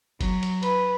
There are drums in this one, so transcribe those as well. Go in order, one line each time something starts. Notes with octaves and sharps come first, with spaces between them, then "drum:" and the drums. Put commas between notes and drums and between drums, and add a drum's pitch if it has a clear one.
F#3, drum: kick F#1, cymbal
drum: cymbal
B4, drum: cymbal